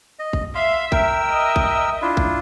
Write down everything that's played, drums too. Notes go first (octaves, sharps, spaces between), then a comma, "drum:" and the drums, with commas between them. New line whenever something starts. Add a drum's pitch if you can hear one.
D#5
drum: kick
E5 F5 C6
A#4 G5 E6, drum: kick
D#5 E5
drum: kick
D4 E4 F4
drum: kick